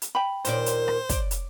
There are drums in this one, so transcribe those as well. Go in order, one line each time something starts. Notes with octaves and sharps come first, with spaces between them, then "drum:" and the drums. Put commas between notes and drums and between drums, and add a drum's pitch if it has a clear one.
drum: hi-hat
G5 B5
D#2 A#2 C5 D5, drum: hi-hat
drum: hi-hat
drum: rim click
D5, drum: kick, hi-hat
drum: hi-hat